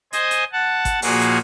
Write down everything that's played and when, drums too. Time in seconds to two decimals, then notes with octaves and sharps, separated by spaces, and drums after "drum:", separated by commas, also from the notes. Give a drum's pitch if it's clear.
0.13 C5 D#5 G#5 D#6, drum: hi-hat
0.31 drum: hi-hat
0.52 F#5 A5
0.85 drum: kick, hi-hat
1.02 A#2 F3 A#3 F#4 G#4, drum: open hi-hat
1.21 drum: hi-hat